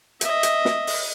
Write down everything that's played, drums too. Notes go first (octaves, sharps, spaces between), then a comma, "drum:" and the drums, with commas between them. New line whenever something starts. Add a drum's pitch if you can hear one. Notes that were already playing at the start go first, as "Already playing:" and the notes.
D#5 E5, drum: hi-hat
drum: hi-hat
drum: snare
drum: open hi-hat